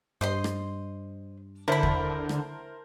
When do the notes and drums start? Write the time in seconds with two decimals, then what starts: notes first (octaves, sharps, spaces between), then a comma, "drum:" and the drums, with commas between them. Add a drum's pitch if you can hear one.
0.21 G2 C5 D#5 C6
0.44 drum: rim click
1.68 D3 E4 A#4 C5 A5 B5
1.83 drum: kick
2.29 drum: rim click